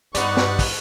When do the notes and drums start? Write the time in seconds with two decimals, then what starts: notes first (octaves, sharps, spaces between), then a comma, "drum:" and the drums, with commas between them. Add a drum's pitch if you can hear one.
0.15 G2 G3 B3 D#4 D5 F#5 C#6 F#6, drum: hi-hat
0.37 drum: snare
0.59 drum: kick, open hi-hat